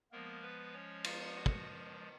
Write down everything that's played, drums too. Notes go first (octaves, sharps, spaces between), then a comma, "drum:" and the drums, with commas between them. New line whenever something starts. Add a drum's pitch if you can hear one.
F3 G#3 A#3 B3 A#4
B3 B4
C#4 C#5
F4 F5, drum: cymbal
F#4 F#5
drum: kick